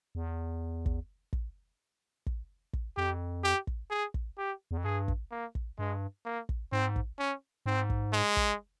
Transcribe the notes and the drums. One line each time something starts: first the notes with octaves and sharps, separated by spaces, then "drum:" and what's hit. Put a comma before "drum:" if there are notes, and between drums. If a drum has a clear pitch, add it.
E2
drum: kick
drum: kick
drum: kick
drum: kick
F2 G4
G4
drum: kick
G#4
drum: kick
G4
E2
F2
G2 G#4
drum: kick
A#3
drum: kick
G2 G#3
A#3
drum: kick
G#2 C4
drum: kick
C#4
G#2 C4
drum: kick
G#3
drum: kick